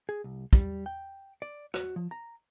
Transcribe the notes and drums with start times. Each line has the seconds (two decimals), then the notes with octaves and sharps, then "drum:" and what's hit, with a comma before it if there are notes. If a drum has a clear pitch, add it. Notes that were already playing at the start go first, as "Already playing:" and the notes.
0.09 G#4
0.24 C2
0.53 G3, drum: kick
0.86 G5
1.42 D5
1.74 F#4, drum: rim click
1.96 F3
2.11 A#5